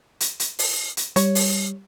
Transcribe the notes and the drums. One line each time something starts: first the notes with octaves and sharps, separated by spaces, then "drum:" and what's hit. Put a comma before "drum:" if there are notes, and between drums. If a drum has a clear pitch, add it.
drum: hi-hat
drum: hi-hat
drum: open hi-hat
drum: hi-hat
G3 C#5, drum: hi-hat
drum: open hi-hat